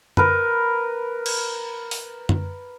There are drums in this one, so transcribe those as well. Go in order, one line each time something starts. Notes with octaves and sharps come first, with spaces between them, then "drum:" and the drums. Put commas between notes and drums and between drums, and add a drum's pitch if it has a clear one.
A#4 B4, drum: tom F#2
drum: cymbal
drum: open hi-hat
drum: tom F#2